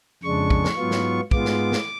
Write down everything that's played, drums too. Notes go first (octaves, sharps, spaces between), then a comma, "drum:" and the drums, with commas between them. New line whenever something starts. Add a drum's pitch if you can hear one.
F2 C#3 G#3 D4 C#6
drum: kick
drum: snare
G#2 F#3 B3 F4
drum: snare
G#2 G#3 B3 F4 D6, drum: kick
drum: snare
drum: snare